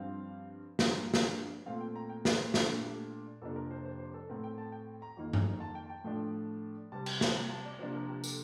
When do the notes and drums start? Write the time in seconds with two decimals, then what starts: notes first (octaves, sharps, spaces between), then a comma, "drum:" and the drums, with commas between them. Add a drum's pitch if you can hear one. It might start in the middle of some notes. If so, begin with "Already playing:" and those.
Already playing: G2 F3 C4 F5
0.79 G2 F3 A#3 D4, drum: snare
1.14 drum: snare
1.66 A#2 A3 C4 F5
1.81 G5
1.95 A#5
2.10 G5
2.25 D#5, drum: snare
2.39 C5
2.54 A#2 A3 D4 A4, drum: snare
2.68 A4
2.83 G4
3.41 F2 C3 F3 A#3 D4 A4
3.56 A#4
3.71 C5
3.85 C5
4.00 C5
4.14 A4
4.29 A2 A3 C4 A#4
4.44 G5
4.58 A5
4.72 G5
5.02 A#5
5.17 F2 D#3 A#3
5.33 drum: tom G2
5.60 A5
5.75 G5
5.86 A5
5.90 G5
6.04 A2 F3 A3 D4
6.92 C3 G3 C4 A5
7.06 G5, drum: cymbal
7.21 A5, drum: snare
7.35 A#5
7.50 A5
7.65 D5
7.79 C3 F3 A#3 D4 C5
7.95 A#4
8.09 G4
8.24 A4, drum: tambourine